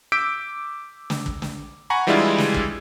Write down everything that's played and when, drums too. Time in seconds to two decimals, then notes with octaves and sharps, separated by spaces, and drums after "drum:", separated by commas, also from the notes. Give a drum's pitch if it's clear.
0.12 D6 E6 G6 B6 D7
1.10 drum: snare
1.26 drum: kick
1.42 drum: snare
1.90 F#5 G#5 A#5 B5 C#6
2.07 E3 G3 G#3 D4 E4 F4
2.38 drum: snare
2.54 drum: kick